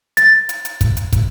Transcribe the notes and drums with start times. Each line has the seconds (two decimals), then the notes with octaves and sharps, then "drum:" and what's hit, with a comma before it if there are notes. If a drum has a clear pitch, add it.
0.17 A6, drum: hi-hat
0.49 drum: hi-hat
0.65 drum: hi-hat
0.81 drum: kick, hi-hat
0.97 drum: hi-hat
1.13 drum: kick, hi-hat